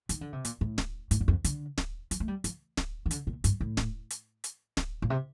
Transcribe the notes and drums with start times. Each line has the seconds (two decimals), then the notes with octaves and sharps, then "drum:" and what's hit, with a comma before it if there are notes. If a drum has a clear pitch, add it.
0.09 D#3, drum: hi-hat
0.21 D3
0.33 C3
0.45 A#2, drum: hi-hat
0.61 A2
0.78 drum: snare
1.11 A2, drum: hi-hat
1.21 G2
1.28 F2
1.44 D3, drum: hi-hat
1.78 drum: snare
2.11 F3, drum: hi-hat
2.20 A3
2.28 G3
2.44 F3, drum: hi-hat
2.77 drum: snare
3.06 D#3
3.11 D3, drum: hi-hat
3.27 A#2
3.44 G2, drum: hi-hat
3.61 A2
3.77 drum: snare
4.10 drum: hi-hat
4.44 drum: hi-hat
4.77 drum: snare
5.02 A#2
5.10 C3